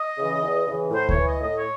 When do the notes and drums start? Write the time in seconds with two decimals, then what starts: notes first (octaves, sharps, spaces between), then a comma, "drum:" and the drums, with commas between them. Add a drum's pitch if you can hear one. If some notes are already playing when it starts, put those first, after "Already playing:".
Already playing: D#5
0.18 C#3 E3
0.43 E2
0.68 C#3 E3
0.91 A2 C5
1.09 C#5, drum: kick D2
1.16 E3
1.25 D#5
1.40 A2 D#5
1.57 C#5